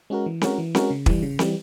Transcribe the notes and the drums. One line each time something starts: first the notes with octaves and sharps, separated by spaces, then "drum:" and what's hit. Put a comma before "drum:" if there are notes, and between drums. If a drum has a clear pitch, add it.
G#3 C#4 F#4 A#4
E3
G#3 C#4 F#4 A#4, drum: snare C4
E3
G#3 C#4 F#4 A#4, drum: snare C4
C#3
E3 G3, drum: kick
C#3
E3 G3, drum: snare C4